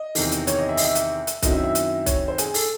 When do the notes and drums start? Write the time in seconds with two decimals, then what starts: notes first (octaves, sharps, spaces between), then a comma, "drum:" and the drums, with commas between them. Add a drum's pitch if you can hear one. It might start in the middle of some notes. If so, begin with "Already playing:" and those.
Already playing: D#5
0.15 E2 C3 D#3, drum: open hi-hat
0.32 drum: hi-hat
0.47 C#5, drum: hi-hat
0.59 D#5
0.69 E5
0.77 D#5, drum: open hi-hat
0.85 E5
0.95 drum: hi-hat
1.27 drum: hi-hat
1.42 F#2 D#3 F#3 C4 E4 D#5, drum: kick, hi-hat
1.53 E5
1.64 E5
1.75 drum: hi-hat
2.06 C#5, drum: kick, hi-hat
2.28 C5
2.38 G#4, drum: hi-hat
2.54 A4, drum: open hi-hat